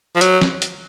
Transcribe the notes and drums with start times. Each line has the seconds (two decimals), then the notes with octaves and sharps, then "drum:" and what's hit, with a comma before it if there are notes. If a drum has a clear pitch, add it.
0.16 F3
0.21 F#3, drum: hi-hat
0.41 drum: snare
0.62 drum: hi-hat